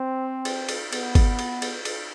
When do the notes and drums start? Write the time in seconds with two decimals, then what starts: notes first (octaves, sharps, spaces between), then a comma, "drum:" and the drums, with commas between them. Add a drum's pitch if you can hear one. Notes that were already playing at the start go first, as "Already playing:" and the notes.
Already playing: C4
0.45 drum: cymbal
0.69 drum: cymbal
0.92 B3, drum: cymbal
1.15 drum: kick G1, cymbal
1.39 drum: cymbal
1.62 drum: cymbal
1.85 drum: cymbal